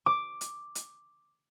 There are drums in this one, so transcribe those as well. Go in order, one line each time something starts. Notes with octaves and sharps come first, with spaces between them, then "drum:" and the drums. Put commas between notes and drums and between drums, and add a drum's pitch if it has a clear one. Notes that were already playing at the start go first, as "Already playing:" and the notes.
D6
drum: hi-hat
drum: hi-hat